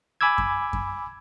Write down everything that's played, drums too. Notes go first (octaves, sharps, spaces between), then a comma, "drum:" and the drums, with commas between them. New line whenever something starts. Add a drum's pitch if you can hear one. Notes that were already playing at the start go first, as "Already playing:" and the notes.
G#5 B5 D6 E6 G#6
drum: kick F#2
drum: kick F#2